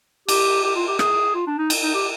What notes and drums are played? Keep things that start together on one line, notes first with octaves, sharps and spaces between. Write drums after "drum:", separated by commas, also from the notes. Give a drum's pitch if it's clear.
G4, drum: cymbal
G4
F4
G4
G#4, drum: rim click
F4
D4
D#4
drum: cymbal
D#4
G4